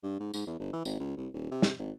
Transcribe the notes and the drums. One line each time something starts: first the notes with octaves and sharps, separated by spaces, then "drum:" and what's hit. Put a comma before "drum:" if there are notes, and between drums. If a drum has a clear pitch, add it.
G2
G#2
G#2, drum: tambourine
E2
G1
E3
G#1, drum: tambourine
C#2
C2
D#1
C3
drum: snare
G#1